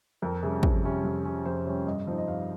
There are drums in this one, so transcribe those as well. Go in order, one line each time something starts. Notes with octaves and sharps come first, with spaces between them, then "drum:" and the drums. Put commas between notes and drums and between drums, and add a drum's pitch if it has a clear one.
F2 A#4
C3 G3 C#4 G#4
F2, drum: kick
C3 G3 C#4
F2
C3 G3 C#4
F2 C5
C3 G3 C#4 C#5
G2 D#5
F3 C4 D#4
D#5
G2 F5